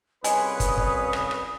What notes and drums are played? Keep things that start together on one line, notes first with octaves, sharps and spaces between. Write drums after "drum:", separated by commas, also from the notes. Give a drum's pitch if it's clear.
C2 G#3 C#4 B4 D5 F5 D#6, drum: hi-hat
drum: kick, hi-hat
drum: kick
drum: rim click
drum: rim click